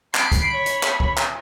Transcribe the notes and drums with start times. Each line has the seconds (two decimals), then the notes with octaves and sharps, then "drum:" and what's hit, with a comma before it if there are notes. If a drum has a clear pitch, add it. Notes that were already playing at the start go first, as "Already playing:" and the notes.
0.15 B5 C7 D7, drum: clap
0.32 drum: kick C#2, hi-hat
0.54 C#5
0.66 drum: hi-hat
0.83 drum: clap
1.00 drum: kick C#2
1.17 drum: clap